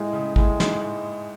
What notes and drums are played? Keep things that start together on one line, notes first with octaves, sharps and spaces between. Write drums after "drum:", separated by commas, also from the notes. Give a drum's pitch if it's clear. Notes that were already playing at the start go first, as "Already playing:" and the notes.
Already playing: A2 G#3
C#3
A2 G#3, drum: kick
G#2, drum: snare
G#3